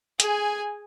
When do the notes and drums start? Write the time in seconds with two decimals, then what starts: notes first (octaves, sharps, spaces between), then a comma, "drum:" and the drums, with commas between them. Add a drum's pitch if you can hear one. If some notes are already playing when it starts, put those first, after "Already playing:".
0.20 G#4 G#5, drum: hi-hat